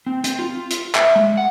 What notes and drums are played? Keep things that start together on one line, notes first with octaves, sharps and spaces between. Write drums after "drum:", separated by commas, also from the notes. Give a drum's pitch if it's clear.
C4
C4, drum: hi-hat
F4
drum: hi-hat
E5, drum: clap
G#3
F#5